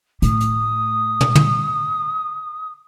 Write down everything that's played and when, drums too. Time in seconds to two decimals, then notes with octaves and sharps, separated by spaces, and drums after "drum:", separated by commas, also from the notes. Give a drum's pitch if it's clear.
0.22 A2 D#6, drum: hi-hat
0.40 drum: hi-hat
1.21 drum: tom
1.35 drum: tom